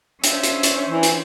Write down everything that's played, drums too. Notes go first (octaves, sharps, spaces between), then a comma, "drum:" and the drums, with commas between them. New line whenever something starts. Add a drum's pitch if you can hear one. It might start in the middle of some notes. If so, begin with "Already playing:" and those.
C#4 D4 C5 E5, drum: hi-hat
drum: hi-hat
drum: hi-hat
E3
drum: hi-hat